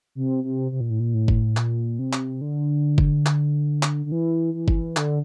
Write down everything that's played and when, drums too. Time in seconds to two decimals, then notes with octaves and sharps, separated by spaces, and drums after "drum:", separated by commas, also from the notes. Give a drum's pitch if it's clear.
0.15 C3
0.44 C3
0.72 C3
0.81 A#2
0.90 A2
1.00 A#2
1.14 A2
1.28 drum: kick
1.57 A#2, drum: clap
1.99 C3
2.13 drum: clap
2.41 D3
2.98 drum: kick
3.26 drum: clap
3.83 drum: clap
4.06 D3
4.12 E3
4.54 E3
4.68 drum: kick
4.97 D3, drum: clap